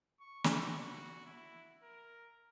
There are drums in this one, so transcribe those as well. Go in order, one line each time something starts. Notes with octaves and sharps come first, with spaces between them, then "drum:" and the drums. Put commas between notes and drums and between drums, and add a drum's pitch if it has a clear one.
C#6
drum: snare
F#4
E4
A#4